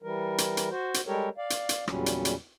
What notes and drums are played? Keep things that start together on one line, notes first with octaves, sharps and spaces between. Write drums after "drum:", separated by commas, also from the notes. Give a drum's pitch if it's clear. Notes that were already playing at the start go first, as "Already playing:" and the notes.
E3 G3 A#4
drum: hi-hat
drum: hi-hat
F#4 C5
drum: hi-hat
G3 G#3 G4 A4 A#4 C#5
D5 F5
drum: hi-hat
drum: hi-hat
E2 A#2 C#3 F#3 G3 C#4, drum: rim click
drum: hi-hat
drum: hi-hat